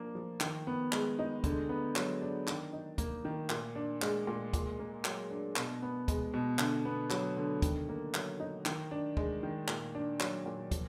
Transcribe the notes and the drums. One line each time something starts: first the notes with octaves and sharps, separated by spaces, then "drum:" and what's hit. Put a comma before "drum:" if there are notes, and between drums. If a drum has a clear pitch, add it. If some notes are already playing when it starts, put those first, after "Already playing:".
Already playing: F3 A#3 D4
F3
D#3, drum: clap
B3
G#3, drum: clap
D#4
D3, drum: kick, hi-hat
B3
F#3, drum: clap
D4
D#3, drum: clap
D#4
A#3, drum: kick, hi-hat
D#3
A#2, drum: clap
D4
G#3, drum: clap
A#2
A#2, drum: kick, hi-hat
A#3
F#3, drum: clap
D4
B2, drum: clap
B3
G#3, drum: kick, hi-hat
B2
D3, drum: clap
B3
F#3, drum: clap
D3
D#3, drum: kick, hi-hat
A#3
F#3, drum: clap
D#4
D#3, drum: clap
D4
G#3, drum: kick
D#3
A#2, drum: clap
D4
F#3, drum: clap
A#2
F3, drum: kick, hi-hat